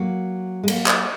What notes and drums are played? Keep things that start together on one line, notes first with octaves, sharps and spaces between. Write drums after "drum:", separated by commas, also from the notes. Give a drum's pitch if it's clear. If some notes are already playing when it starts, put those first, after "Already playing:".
Already playing: F#3 A#3
G#3
F#3 A#3, drum: cymbal
drum: clap